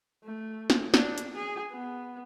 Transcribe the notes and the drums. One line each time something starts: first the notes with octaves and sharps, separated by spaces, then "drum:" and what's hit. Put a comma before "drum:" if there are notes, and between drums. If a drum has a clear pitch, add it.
A3
drum: snare
D4, drum: snare
drum: hi-hat
G#4
B3